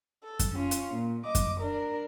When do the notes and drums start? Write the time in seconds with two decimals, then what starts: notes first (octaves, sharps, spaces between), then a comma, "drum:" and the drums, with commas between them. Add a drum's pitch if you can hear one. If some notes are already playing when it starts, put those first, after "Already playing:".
0.24 A4
0.39 drum: kick F#2, hi-hat
0.54 C#4 F4
0.71 drum: hi-hat
0.94 A#2
1.25 D#5 D6
1.35 drum: kick F#2, hi-hat
1.61 D4 A#4